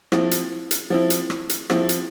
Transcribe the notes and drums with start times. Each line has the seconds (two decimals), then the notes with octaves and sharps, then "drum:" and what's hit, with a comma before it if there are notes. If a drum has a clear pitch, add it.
0.12 F3 C4 E4, drum: rim click
0.31 drum: hi-hat
0.71 drum: hi-hat
0.90 F3 C4 E4
1.10 drum: hi-hat
1.30 drum: rim click
1.49 drum: hi-hat
1.70 F3 C4 E4, drum: rim click
1.89 drum: hi-hat